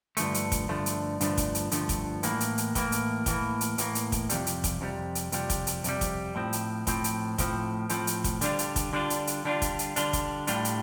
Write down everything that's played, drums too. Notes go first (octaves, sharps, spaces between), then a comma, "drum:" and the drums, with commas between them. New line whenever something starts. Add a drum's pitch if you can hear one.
G2 D3 F3 A3, drum: hi-hat
drum: hi-hat
drum: kick, hi-hat
G2 D3 F3 A3
drum: hi-hat
G2 D3 F3 A3, drum: hi-hat
drum: kick, hi-hat
drum: hi-hat
G2 D3 F3 A3, drum: hi-hat
drum: kick, hi-hat
A2 E3 A#3, drum: hi-hat
drum: hi-hat
drum: hi-hat
A2 E3 A#3, drum: kick, hi-hat
drum: hi-hat
A2 E3 A#3, drum: kick, hi-hat
drum: hi-hat
A2 E3 A#3, drum: hi-hat
drum: hi-hat
drum: kick, hi-hat
F2 C3 G3, drum: hi-hat
drum: hi-hat
drum: kick, hi-hat
F2 C3 G3
drum: hi-hat
F2 C3 G3, drum: hi-hat
drum: kick, hi-hat
drum: hi-hat
F2 C3 G3, drum: hi-hat
drum: kick, hi-hat
A2 F3 C4
drum: hi-hat
A2 F3 C4, drum: kick, hi-hat
drum: hi-hat
A2 F3 C4, drum: kick, hi-hat
A2 F3 C4, drum: hi-hat
drum: hi-hat
drum: kick, hi-hat
D3 G3 D4 F4, drum: hi-hat
drum: hi-hat
drum: kick, hi-hat
D3 G3 D4 F4
drum: hi-hat
drum: hi-hat
D3 G3 D4 F4
drum: kick, hi-hat
drum: hi-hat
D3 G3 D4 F4, drum: hi-hat
drum: kick, hi-hat
A2 G3 D4 F4, drum: hi-hat
drum: hi-hat